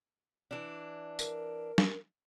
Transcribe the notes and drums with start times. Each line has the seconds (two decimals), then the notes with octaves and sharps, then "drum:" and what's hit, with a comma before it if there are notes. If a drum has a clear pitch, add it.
0.51 E3 D4
1.19 A#4, drum: tambourine
1.78 drum: snare